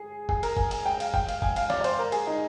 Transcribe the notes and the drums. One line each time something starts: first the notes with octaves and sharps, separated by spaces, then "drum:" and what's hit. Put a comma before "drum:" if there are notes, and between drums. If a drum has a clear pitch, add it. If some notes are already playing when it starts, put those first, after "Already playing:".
Already playing: G#4
G#4, drum: kick
A#4, drum: cymbal
G#5, drum: kick
G#5, drum: cymbal
G5
F5, drum: cymbal
G5, drum: kick
F5, drum: cymbal
G#5, drum: kick
F5, drum: cymbal
D5, drum: snare
D5
C5, drum: cymbal
A#4
G#4, drum: cymbal
D#4